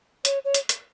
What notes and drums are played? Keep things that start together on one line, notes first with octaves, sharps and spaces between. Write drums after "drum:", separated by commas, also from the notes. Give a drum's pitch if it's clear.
C#5, drum: hi-hat
C#5
drum: hi-hat
drum: hi-hat